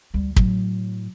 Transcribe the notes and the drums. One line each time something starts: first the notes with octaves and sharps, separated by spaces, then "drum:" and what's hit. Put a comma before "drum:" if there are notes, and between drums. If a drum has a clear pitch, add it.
D2 G3
A2 F#3, drum: kick